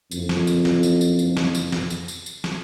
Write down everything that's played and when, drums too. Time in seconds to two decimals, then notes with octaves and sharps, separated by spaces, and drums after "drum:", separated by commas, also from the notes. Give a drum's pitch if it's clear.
0.11 F#1 F2, drum: tambourine
0.29 drum: snare
0.47 drum: tambourine
0.65 drum: snare
0.83 drum: tambourine
1.01 drum: tambourine
1.19 drum: tambourine
1.37 drum: snare
1.55 drum: tambourine
1.72 drum: snare
1.90 drum: tambourine
2.08 drum: tambourine
2.26 drum: tambourine
2.44 drum: snare